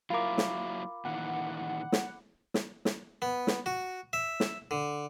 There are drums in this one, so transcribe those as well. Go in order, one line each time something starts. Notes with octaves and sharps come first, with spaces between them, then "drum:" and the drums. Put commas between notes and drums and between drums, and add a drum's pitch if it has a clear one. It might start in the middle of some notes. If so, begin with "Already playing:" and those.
F#3 A#3 E4 F4 A#4 B5 D6
drum: snare
A#2 D#3 E3 F#5
drum: snare
drum: snare
drum: snare
B3
drum: snare
F#4
E5
drum: snare
D3